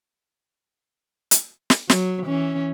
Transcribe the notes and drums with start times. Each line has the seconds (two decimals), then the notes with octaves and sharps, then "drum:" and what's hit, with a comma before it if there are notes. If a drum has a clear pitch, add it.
1.31 drum: hi-hat
1.70 drum: snare
1.90 F#3, drum: snare
2.26 E3 C#4